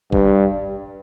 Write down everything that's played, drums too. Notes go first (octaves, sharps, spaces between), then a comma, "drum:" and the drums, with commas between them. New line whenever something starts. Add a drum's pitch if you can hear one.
G2, drum: kick